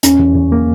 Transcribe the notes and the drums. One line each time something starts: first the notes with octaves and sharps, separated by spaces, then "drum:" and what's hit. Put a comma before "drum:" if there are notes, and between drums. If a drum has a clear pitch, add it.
E2 C#4, drum: hi-hat
E2
E2
A#3